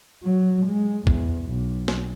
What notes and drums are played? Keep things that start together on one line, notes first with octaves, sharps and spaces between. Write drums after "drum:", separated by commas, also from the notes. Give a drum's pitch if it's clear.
F#3
G#3
E2, drum: kick
B1
drum: snare